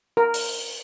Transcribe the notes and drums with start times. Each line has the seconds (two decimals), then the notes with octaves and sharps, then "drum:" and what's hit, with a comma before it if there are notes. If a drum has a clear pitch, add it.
0.17 A#4
0.34 drum: open hi-hat